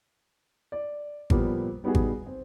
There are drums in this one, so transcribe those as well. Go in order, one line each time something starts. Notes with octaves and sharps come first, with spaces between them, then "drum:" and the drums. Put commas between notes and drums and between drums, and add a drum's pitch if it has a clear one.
D5
A#2 F3 G3 A#3 B3, drum: kick G#1
G3 B3 D#4 F#4 G#4
drum: kick G#1
C4